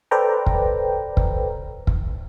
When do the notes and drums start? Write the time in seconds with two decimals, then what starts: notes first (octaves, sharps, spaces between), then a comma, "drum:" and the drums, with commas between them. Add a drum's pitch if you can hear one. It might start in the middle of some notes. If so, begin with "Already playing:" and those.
0.11 A4 B4 C5 D5 G5 A#5
0.46 drum: kick
1.17 drum: kick
1.87 drum: kick